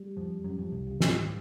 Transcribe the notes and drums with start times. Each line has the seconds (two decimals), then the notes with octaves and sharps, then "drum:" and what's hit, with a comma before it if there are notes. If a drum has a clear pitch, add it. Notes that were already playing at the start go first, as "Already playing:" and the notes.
Already playing: G3
0.17 F2 F3
0.44 F#2 F#3
0.58 F2 F3
0.72 C2 C3
0.86 C#2 C#3
1.00 D2 D3, drum: snare